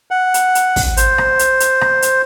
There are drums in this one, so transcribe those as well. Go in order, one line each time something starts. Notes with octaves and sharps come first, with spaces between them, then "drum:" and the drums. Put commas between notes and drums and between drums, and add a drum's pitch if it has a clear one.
F#5
drum: hi-hat
drum: hi-hat
drum: kick, open hi-hat
C5, drum: hi-hat
drum: rim click
drum: hi-hat
drum: hi-hat
drum: rim click
drum: hi-hat